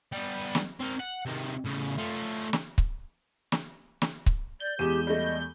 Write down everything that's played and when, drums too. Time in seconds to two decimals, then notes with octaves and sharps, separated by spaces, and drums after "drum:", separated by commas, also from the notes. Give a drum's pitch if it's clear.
0.12 G3 B3
0.55 drum: snare
0.80 C4 A#4
1.00 F#5
1.25 C3 D#3
1.65 A2 C#3
1.98 A3 F4
2.53 drum: snare
2.78 drum: kick C#1
3.52 drum: snare
4.02 drum: snare
4.26 drum: kick C#1
4.60 D5 G6
4.79 E2 G#3 G4 D#7 E7
5.07 G3 A3 D#5